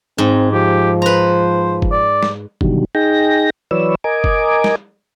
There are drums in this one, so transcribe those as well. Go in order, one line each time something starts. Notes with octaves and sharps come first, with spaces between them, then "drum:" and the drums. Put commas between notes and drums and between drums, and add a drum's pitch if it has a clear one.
G#2 C4
F3 G4
B4 C5 A#5
drum: kick F#1
D5
drum: snare
B2 D3 D#3 F#3 G3, drum: kick F#1
D#4 G#4 G5 A#6
E3 F#3 B4 C#5 D5 E6
A#4 D#5 G#5 D6
drum: kick F#1
drum: snare